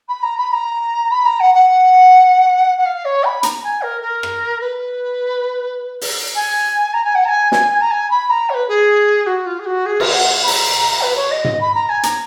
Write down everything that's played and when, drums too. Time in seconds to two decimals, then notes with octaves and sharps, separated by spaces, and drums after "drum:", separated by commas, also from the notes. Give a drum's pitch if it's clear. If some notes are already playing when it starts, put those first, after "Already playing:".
0.08 B5
0.22 A#5
0.37 B5
0.52 A#5
1.11 B5
1.25 A#5
1.39 F#5
1.54 F#5
2.78 F#5
2.85 F5
3.04 C#5
3.24 B5
3.43 A#5, drum: hi-hat
3.63 G#5
3.82 A#4
4.01 A#4
4.23 drum: rim click
4.60 B4
6.01 drum: open hi-hat
6.35 G#5
6.93 A#5
7.04 G#5
7.15 F#5
7.24 A#5
7.28 G#5
7.52 G#5, drum: snare
7.71 G#5
7.81 A#5
7.90 G#5
8.10 B5
8.30 A#5
8.49 C#5
8.53 B4
8.68 G#4
9.26 F#4
9.46 F4
9.59 G#4
9.65 F#4
9.85 G#4
10.00 A#4, drum: cymbal
10.13 F#5
10.43 B5
10.47 A#5, drum: open hi-hat
11.01 B4
11.16 C#5
11.31 D#5
11.44 D#5, drum: tom G#2
11.60 B5
11.74 A#5
11.89 G#5
12.03 A#5, drum: hi-hat